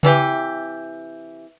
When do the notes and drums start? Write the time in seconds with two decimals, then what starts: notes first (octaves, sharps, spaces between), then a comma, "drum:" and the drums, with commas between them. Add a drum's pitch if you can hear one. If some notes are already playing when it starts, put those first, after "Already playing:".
0.03 C3 E3 G4, drum: tom C#3